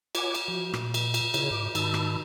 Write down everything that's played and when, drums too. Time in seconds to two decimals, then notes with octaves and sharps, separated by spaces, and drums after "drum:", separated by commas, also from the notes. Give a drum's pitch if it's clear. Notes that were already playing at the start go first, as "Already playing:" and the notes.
0.15 F4 C#5 F#5 G#5 D6, drum: cymbal
0.35 drum: cymbal
0.48 F3 F#4
0.74 A#2, drum: rim click
0.94 drum: cymbal
1.14 drum: cymbal
1.34 C#3 E4 F4 G#4 C#5, drum: cymbal
1.51 G#2 D6
1.75 G#2 D#3 D#4 A5 B5 E6, drum: cymbal
1.94 drum: rim click